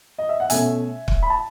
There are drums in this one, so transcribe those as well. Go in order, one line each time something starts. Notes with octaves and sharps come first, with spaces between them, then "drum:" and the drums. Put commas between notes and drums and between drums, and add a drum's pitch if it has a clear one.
D#5
E5
F#5
B2 A3 C#4 E5 G#5, drum: hi-hat
drum: kick
B5
A5